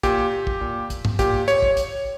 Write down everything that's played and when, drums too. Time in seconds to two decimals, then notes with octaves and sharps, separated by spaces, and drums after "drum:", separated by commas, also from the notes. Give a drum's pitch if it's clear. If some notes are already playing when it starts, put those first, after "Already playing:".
0.03 A#2 G4, drum: kick, hi-hat
0.47 drum: kick
0.61 A#2
0.90 drum: kick, hi-hat
1.05 drum: tom
1.19 A#2 G4, drum: kick, hi-hat
1.48 C#5, drum: hi-hat
1.62 drum: kick
1.77 drum: hi-hat